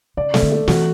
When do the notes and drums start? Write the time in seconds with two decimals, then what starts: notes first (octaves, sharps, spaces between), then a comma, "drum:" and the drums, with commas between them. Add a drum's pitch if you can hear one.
0.17 C#3 D5
0.34 A3, drum: snare
0.43 D3
0.52 A3
0.68 E3 F#4, drum: snare